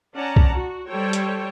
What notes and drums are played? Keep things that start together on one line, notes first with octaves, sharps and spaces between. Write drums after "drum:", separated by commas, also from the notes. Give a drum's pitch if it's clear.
C#4 D5 F#5 A5 A#5
drum: kick
F#4
G3 A4 C5 C#5 G5
drum: hi-hat